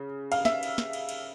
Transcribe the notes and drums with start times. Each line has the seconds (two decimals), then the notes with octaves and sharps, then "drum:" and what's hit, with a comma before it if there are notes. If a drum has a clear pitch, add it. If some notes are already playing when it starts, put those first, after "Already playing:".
Already playing: C#3
0.32 F5, drum: cymbal
0.45 E5, drum: snare
0.63 drum: cymbal
0.78 drum: snare
0.93 drum: cymbal
1.09 drum: cymbal